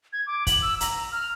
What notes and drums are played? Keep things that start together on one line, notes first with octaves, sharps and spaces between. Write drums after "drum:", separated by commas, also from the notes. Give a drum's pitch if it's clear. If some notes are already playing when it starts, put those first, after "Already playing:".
G#6
D6
F#7, drum: kick, hi-hat
E6
A#5, drum: hi-hat
F6